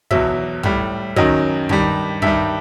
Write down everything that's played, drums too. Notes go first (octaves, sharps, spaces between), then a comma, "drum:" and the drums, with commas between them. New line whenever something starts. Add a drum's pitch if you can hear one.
E2 B2 F#3 E5, drum: kick
A2 G3, drum: kick
F#2 D#3 F#3 D#5, drum: kick
G2 D#3 G3, drum: kick
G2 D#3 G3 E5, drum: kick